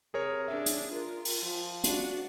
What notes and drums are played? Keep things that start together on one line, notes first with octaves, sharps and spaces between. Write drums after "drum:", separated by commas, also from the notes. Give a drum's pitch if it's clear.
C3 G#4 A#4 C#5
D4 G#4 E5
drum: hi-hat
F4 A#4
drum: open hi-hat
F3
D4 F#4, drum: hi-hat